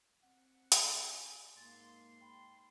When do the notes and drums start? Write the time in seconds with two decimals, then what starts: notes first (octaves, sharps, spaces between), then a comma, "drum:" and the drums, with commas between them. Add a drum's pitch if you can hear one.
0.24 C4 F#5
0.72 drum: hi-hat
0.91 G#5
1.57 G#2 A#3 C6 A6
2.21 G5 B5